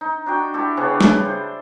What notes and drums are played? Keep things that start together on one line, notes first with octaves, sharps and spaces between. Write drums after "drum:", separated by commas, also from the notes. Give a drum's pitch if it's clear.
D#4
D4 F#4 G5
E4 G4 A4 D5
C#3 B3 C#4 D4
drum: snare
C5